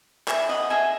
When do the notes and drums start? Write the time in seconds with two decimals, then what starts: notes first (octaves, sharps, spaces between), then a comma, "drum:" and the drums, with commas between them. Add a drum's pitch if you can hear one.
0.28 E4 E5 G#5, drum: clap
0.49 D#5 F#5
0.70 G#4 D#5 E5 G#5